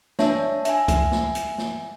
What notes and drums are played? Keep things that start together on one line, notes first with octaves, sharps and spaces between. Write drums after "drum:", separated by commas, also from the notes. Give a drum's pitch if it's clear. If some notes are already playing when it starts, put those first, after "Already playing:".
D4 C#5 E5 A5, drum: snare
E5 G#5, drum: hi-hat
drum: kick C#2, hi-hat
drum: snare
drum: hi-hat
drum: snare